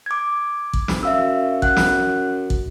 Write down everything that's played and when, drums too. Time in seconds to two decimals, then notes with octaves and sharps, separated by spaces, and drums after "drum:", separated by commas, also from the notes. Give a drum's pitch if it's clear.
0.06 D6 G#6
0.73 drum: kick
0.88 drum: snare
1.03 F#2 E5 F5 E6
1.62 F#5 F#6, drum: kick
1.77 drum: snare
2.50 drum: kick